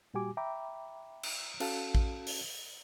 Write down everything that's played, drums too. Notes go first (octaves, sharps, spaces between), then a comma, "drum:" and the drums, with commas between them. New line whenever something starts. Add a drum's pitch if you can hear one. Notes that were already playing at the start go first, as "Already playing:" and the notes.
A#2 G3 F#4 G4 G#5 D6
E5 G5 A#5 B5 D6
drum: cymbal
C#4 F#4 A4 F5 A5, drum: cymbal
drum: kick A1
drum: open hi-hat